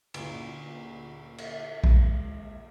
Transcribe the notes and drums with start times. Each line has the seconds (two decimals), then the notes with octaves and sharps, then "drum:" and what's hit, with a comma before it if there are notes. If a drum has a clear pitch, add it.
0.14 D2 A#2, drum: cymbal
1.38 drum: cymbal
1.84 C#2 G#3, drum: kick A#1